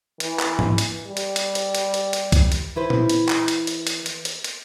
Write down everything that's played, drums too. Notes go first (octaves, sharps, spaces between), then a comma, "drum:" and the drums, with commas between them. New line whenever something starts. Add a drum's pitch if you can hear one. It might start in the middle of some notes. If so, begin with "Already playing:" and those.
E3, drum: hi-hat
drum: clap
drum: tom G#2
drum: hi-hat
G3
drum: hi-hat
drum: hi-hat
drum: hi-hat
drum: hi-hat
drum: hi-hat
drum: hi-hat
drum: kick, hi-hat
drum: hi-hat
E3 E4 B4 C5
drum: tom A#2
drum: hi-hat
drum: clap
drum: hi-hat
drum: hi-hat
drum: hi-hat
drum: hi-hat
drum: hi-hat
drum: hi-hat